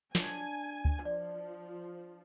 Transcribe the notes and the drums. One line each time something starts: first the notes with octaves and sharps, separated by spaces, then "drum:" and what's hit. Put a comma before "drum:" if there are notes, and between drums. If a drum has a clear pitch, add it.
D4 G#5, drum: snare
drum: kick D2
F3 D5